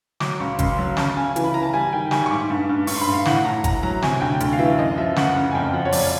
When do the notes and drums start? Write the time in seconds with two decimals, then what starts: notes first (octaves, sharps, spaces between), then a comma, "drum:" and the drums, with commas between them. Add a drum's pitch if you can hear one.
0.20 F#3 D6, drum: snare
0.40 C#2 C#6
0.59 C#2 C6, drum: kick, hi-hat
0.79 F#3
0.97 C#3 A5, drum: snare
1.16 C#3 G#5
1.36 E3, drum: hi-hat
1.44 B5
1.54 E3 A#5
1.63 A5
1.73 G3 G#5
1.93 D#3 G5
2.11 G3 G#5, drum: snare
2.26 C#6
2.30 G#2 D6
2.50 G2
2.69 G2
2.87 G2 C#6, drum: open hi-hat
2.95 C6
3.01 B5
3.07 G2
3.13 F5
3.25 A2 F#5, drum: snare
3.45 A2 A#5
3.64 A2 A#5, drum: kick, hi-hat
3.83 F#3 A#5
4.02 C3 G#5, drum: snare
4.21 D2 G5
4.40 D2, drum: hi-hat
4.53 F5
4.59 E3 E5
4.78 F#2 D#5
4.98 F3 E5
5.16 F#2 F#5, drum: snare
5.36 C#3
5.51 G#5
5.55 F2 G5
5.73 F3 F#5
5.85 C#5
5.92 F2 D5, drum: open hi-hat